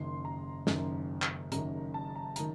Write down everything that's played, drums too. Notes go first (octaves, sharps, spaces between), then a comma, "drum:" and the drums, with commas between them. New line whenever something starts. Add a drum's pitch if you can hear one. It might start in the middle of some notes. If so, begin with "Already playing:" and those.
Already playing: F#1 F#2 D#3 C6
A#5
F#1 F#2 D#3, drum: snare
drum: clap
F#1 F#2 D#3 A#5, drum: hi-hat
A5
A#5
D#3 A#5, drum: hi-hat